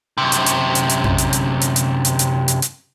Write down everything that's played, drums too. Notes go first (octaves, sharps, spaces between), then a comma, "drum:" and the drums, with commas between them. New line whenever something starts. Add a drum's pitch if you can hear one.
F#2 C3
drum: hi-hat
drum: hi-hat
drum: hi-hat
drum: hi-hat
drum: tom F2
drum: hi-hat
drum: hi-hat
drum: hi-hat
drum: hi-hat
drum: hi-hat
drum: hi-hat
drum: hi-hat
drum: hi-hat